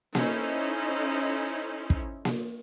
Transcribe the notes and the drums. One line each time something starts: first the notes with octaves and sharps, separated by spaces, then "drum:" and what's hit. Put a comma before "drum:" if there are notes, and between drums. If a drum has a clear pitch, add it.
C#4 D#4 E4 A4 C5, drum: snare A#3
drum: kick
drum: snare A#3